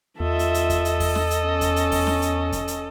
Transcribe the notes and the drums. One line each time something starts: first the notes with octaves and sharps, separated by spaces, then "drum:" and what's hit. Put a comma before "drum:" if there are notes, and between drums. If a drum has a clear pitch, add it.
E2 F4 A4 D#5 E5
drum: hi-hat
drum: hi-hat
drum: kick E2, hi-hat
drum: hi-hat
drum: kick E2, open hi-hat
drum: snare
drum: hi-hat
C#4
drum: kick E2, hi-hat
drum: hi-hat
drum: kick E2, open hi-hat
drum: snare
drum: hi-hat
drum: kick E2, hi-hat
drum: hi-hat